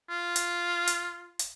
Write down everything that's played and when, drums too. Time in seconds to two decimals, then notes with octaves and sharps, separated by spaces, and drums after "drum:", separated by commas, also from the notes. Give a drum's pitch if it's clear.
0.10 F4
0.36 drum: hi-hat
0.87 drum: hi-hat
1.39 drum: hi-hat